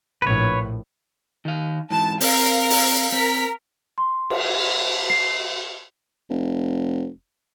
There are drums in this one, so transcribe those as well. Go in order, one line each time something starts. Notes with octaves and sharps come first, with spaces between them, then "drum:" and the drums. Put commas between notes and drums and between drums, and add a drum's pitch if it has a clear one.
A#1 A2 B4 C#5
D#3 F5
G#2 E3 A5
C4 A#4 F5, drum: open hi-hat
drum: open hi-hat
C4 A#4 B6
C6
drum: cymbal
C7
F1